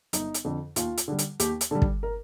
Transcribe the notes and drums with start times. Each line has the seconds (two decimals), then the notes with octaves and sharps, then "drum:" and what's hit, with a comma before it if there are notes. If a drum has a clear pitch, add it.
0.13 G1 D#4, drum: hi-hat
0.34 drum: hi-hat
0.45 F2 D3
0.76 D#2 F4, drum: hi-hat
0.97 drum: hi-hat
1.08 D3 G3
1.19 drum: hi-hat
1.40 D#2 G4, drum: hi-hat
1.61 drum: hi-hat
1.71 D3 G3 A4
1.82 drum: kick
2.03 A#4